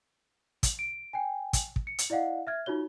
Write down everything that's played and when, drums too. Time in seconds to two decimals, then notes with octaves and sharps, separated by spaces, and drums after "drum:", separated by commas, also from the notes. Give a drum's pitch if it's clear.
0.63 drum: kick, hi-hat
0.79 D7
1.13 G5 G#5
1.53 drum: kick, hi-hat
1.76 drum: kick
1.87 C#7
1.98 drum: hi-hat
2.10 E4 D5 D#5 F5 F#5
2.47 E5 F6 G#6
2.66 D#4 F4 F#4 C#5 G7